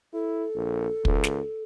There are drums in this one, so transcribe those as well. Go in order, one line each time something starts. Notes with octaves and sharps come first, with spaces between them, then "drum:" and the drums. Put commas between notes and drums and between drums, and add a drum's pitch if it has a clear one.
E4 A4
A#1
C#2, drum: kick
drum: snare